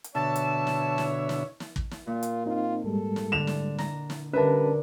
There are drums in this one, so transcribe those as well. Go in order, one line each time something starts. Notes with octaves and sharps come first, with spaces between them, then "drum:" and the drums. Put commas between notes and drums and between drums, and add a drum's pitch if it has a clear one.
drum: hi-hat
B2 D3 C#5 E5 A5
drum: hi-hat
drum: snare
drum: snare
drum: snare
drum: snare
drum: kick
drum: snare
A#2 F4
drum: hi-hat
C4 D#4 F4
G#2 G3 G#3 A4
drum: snare
D3 E7 F7
drum: snare
A#5, drum: snare
drum: snare
D3 G3 C#4 D4 A#4 B4 E5 A5